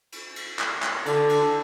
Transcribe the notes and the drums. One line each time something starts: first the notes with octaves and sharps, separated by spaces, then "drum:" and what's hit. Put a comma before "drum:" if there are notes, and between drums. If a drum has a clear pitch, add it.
drum: cymbal
drum: cymbal
drum: clap
drum: clap
D3, drum: cymbal
drum: cymbal